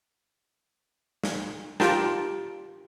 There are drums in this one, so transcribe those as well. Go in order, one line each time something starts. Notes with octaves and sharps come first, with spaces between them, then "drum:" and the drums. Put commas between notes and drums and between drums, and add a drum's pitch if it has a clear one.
drum: snare
F4 G4 A#4 G5 A5, drum: snare